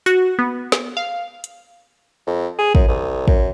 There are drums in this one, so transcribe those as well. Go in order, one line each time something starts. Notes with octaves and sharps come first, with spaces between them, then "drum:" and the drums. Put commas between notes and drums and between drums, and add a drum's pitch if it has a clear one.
F#4, drum: tambourine
B3
drum: snare
F5
drum: hi-hat
F2
G#4
F#2, drum: kick
C2
F#2, drum: kick